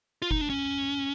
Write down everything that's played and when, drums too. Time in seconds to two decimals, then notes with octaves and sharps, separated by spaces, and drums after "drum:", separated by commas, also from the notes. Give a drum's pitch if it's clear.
0.22 F4
0.31 D#4, drum: kick F#1
0.41 D4
0.50 C#4